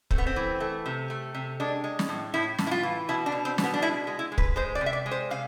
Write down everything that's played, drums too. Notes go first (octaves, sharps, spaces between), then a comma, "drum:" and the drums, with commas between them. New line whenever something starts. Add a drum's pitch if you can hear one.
A3 C4, drum: kick
B3
C4
E3
A3
C3
A3
C3
G#3 D4
G#3
drum: snare
A2
A2 E4
A2, drum: snare
E4
F4
E3
B2 E4
D4
B2
C4
B2, drum: snare
B3
D4
G#3 E4
G#3
E4
G#3
B4, drum: kick
G#3 C5
D5
C3
E5
D5
G#3
C5
C3 F5